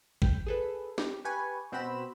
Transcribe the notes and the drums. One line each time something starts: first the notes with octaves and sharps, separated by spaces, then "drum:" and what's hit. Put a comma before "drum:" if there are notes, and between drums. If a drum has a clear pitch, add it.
G5, drum: kick G#1
G#4 A4 B4
G4, drum: snare
G4 B4 G#5 C#6
B2 C4 F#4 C5 B5 E7